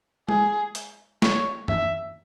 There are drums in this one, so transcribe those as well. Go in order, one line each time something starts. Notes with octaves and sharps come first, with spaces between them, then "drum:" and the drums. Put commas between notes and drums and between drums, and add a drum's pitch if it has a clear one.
G#4, drum: tom G#3
drum: hi-hat
C#5, drum: snare
E5, drum: tom